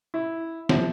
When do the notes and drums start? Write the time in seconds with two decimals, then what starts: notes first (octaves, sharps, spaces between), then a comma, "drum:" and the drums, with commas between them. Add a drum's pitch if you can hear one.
0.14 E4
0.69 C3 F3, drum: snare